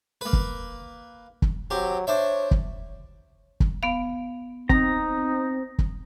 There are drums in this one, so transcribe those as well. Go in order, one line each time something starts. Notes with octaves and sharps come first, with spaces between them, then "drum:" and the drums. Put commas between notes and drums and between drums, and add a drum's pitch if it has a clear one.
A#3 B4
drum: kick
drum: kick
F#3 C4 G4
D4 C5 C#5 E5
drum: kick
drum: kick
B3 F5
C4 D#4 A#5, drum: kick
drum: kick